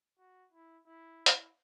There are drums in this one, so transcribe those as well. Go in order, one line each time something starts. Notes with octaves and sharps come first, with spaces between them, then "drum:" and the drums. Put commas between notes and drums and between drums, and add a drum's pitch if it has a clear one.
F#4
E4
E4
E4, drum: hi-hat